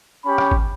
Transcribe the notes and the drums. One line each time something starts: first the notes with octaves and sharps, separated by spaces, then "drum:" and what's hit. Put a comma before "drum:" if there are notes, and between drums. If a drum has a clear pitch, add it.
C#4 G4 B5
drum: rim click
drum: kick G#1